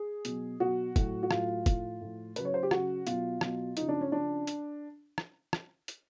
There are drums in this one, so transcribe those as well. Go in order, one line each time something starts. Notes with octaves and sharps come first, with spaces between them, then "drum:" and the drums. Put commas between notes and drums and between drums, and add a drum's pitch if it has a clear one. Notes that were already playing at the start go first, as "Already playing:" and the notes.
Already playing: G#4
B2 F#3, drum: hi-hat
B2 F#3 F#4
A2 F#3, drum: kick, hi-hat
F#4
A2 F#3 F4, drum: rim click
A2 F3, drum: kick, hi-hat
A2 F3
C#3 F#3 B4, drum: hi-hat
C#5
C5
G4
C#3 F#3 F#4, drum: rim click
B2 F#3 F4, drum: hi-hat
B2 F#3, drum: rim click
C#3 F3 D#4, drum: hi-hat
D4
C#4
C#3 F3 D4
drum: hi-hat
drum: rim click
drum: rim click
drum: hi-hat